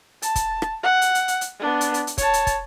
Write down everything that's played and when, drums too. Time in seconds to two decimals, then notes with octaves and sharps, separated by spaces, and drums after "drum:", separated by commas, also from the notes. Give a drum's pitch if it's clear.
0.22 A5, drum: hi-hat
0.36 drum: kick, hi-hat
0.62 drum: rim click
0.83 F#5
1.02 drum: hi-hat
1.15 drum: hi-hat
1.28 drum: hi-hat
1.41 drum: hi-hat
1.60 B3 D4
1.81 drum: hi-hat
1.94 drum: hi-hat
2.07 drum: hi-hat
2.18 C#5 A5, drum: kick, hi-hat
2.34 drum: hi-hat
2.47 drum: kick, hi-hat